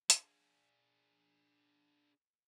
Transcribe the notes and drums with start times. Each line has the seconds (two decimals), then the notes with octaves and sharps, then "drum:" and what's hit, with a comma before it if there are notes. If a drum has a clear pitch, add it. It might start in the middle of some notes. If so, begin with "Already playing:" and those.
0.10 D4 G#4, drum: hi-hat